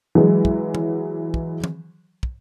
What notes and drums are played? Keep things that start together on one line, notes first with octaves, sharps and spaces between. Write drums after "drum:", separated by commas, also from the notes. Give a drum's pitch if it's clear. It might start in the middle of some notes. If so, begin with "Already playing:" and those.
E3 F#3 G#3
drum: kick
drum: tom E3
drum: kick
drum: tom E3
drum: kick